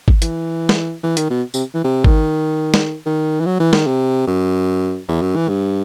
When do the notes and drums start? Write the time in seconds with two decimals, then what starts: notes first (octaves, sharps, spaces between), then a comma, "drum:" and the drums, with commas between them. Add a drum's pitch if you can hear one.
0.08 drum: kick G#1
0.22 E3, drum: hi-hat
0.69 drum: snare
1.03 E3
1.17 D#3, drum: hi-hat
1.30 B2
1.54 C3, drum: tambourine
1.74 E3
1.84 C3
2.04 D#3, drum: kick G#1
2.74 drum: snare
3.06 D#3
3.40 E3
3.46 F#3
3.60 E3
3.73 D#3, drum: snare
3.87 C3
4.27 F#2
5.08 E2
5.22 F#2
5.36 E3
5.49 G2